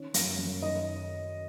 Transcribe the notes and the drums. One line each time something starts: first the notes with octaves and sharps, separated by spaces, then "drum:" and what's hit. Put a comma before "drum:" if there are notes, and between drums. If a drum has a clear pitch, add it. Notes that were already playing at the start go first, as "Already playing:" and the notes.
Already playing: D#3 C#4
F#2, drum: hi-hat
F#2
D#3 D#5